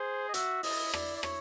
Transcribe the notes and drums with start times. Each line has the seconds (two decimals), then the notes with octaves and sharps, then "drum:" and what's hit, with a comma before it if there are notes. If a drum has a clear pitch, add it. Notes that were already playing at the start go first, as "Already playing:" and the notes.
Already playing: G#4 C5
0.29 D#5
0.34 F#4 E5, drum: hi-hat
0.63 E4 D#5, drum: open hi-hat
0.94 D5, drum: rim click
1.17 D5
1.23 C#5, drum: rim click